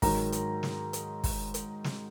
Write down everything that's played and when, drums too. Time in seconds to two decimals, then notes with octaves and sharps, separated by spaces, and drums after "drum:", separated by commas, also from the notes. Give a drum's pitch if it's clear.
0.02 G#2 D#3 F#3 A#5, drum: kick, open hi-hat
0.32 drum: hi-hat
0.63 drum: snare
0.93 drum: hi-hat
1.24 drum: kick, open hi-hat
1.54 drum: hi-hat
1.84 drum: snare